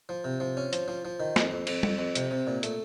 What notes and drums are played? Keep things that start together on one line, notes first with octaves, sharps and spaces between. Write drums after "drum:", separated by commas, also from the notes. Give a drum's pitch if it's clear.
F3
C3
F3
C#4
F3, drum: hi-hat
F3
F3
D#3
F2, drum: snare
F2
F2, drum: cymbal
F2, drum: tom G3
F2
C3, drum: hi-hat
C3
A#2
A3, drum: hi-hat